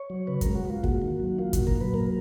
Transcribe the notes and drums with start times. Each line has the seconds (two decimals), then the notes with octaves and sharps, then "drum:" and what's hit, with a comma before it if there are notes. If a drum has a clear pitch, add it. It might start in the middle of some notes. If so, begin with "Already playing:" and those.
Already playing: C#5
0.10 F#3
0.27 C#3 B4
0.41 A#4, drum: kick, hi-hat
0.47 G#3
0.55 F#4
0.65 G#3 F4
0.84 A#3 F#4, drum: kick
1.02 D#3
1.20 F#3
1.38 A#3 F4
1.53 F#4, drum: kick, hi-hat
1.58 A#2
1.67 A#4, drum: kick
1.76 F#3 B4
1.94 A#3 A#4